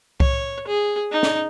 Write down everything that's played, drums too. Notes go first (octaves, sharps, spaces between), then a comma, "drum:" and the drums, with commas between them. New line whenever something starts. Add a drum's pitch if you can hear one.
C#5, drum: kick C2
G#4
D#4
drum: snare